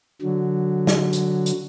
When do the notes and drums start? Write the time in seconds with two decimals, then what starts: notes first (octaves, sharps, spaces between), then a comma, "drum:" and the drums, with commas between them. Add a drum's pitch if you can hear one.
0.22 D3 F#3
0.87 drum: snare G#4
1.13 drum: hi-hat
1.46 drum: hi-hat